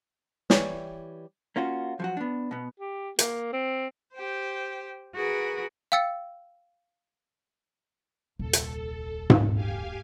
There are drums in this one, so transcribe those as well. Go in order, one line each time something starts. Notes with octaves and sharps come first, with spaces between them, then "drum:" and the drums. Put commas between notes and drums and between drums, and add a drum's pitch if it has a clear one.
E3 G3 C#5, drum: snare
A#3 C#4 F4 F#4
F3 F#3 F#4
B3 D4
B2 B3
G4
A#3, drum: hi-hat
C4
G4 C5
F#4 G#4 A#4 B4
F5 G5 E6 A6 C#7
D#1 C2 A4
drum: hi-hat
drum: tom G#2
G4 F5 G#5